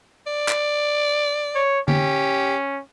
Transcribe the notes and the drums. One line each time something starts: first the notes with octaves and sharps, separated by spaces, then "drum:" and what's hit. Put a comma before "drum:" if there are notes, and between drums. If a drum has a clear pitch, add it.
D5
drum: clap
C#5
C#4 G4, drum: tom D3